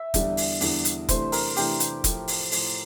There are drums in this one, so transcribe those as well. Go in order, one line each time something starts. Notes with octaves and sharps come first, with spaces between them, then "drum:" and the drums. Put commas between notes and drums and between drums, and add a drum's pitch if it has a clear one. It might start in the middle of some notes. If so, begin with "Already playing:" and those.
Already playing: E5
E2 D3 G3 D4, drum: kick, hi-hat
drum: open hi-hat
E2 D3 G3 D4, drum: open hi-hat
drum: hi-hat
C3 E3 A3 D4 C5, drum: kick, hi-hat
A#4, drum: open hi-hat
C3 E3 A3 D4 G4, drum: open hi-hat
drum: hi-hat
A2 F3 A3, drum: kick, hi-hat
drum: open hi-hat
A2 F3 A3, drum: open hi-hat